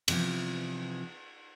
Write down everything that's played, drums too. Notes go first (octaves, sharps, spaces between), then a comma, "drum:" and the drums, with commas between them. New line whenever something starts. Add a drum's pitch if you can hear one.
C3 E3 F3 B3, drum: cymbal